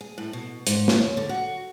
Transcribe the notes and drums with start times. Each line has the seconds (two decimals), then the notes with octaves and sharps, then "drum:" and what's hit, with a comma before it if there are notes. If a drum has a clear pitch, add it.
0.01 G#4
0.18 A2
0.33 B2
0.67 G#2, drum: hi-hat
0.88 C#5, drum: snare
1.17 D3
1.29 F#4